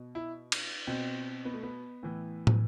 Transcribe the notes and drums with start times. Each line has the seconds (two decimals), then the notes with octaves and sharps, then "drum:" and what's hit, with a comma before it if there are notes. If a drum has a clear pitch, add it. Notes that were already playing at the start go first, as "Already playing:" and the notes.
Already playing: B2
0.15 E4
0.52 drum: cymbal
0.87 B2 C4
1.45 B3
1.54 A3
1.63 B3
2.03 A2 E3
2.47 drum: tom